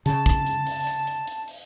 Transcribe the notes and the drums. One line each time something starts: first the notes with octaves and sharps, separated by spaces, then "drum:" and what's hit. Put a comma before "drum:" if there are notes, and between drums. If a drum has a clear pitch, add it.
C#3 A5, drum: hi-hat
drum: kick, hi-hat
drum: hi-hat
drum: open hi-hat
drum: hi-hat
drum: hi-hat
drum: hi-hat
drum: open hi-hat